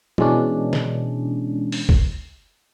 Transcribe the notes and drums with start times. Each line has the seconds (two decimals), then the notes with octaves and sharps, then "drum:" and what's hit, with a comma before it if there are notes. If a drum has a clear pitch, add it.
0.18 B2 E3 G#3 C#4 D4, drum: tom E3
0.73 drum: snare
1.72 drum: open hi-hat
1.89 drum: kick F1